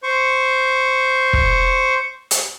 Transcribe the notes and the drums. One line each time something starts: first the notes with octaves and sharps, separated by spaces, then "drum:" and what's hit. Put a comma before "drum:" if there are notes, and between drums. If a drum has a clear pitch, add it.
C5 C#6
drum: kick
drum: hi-hat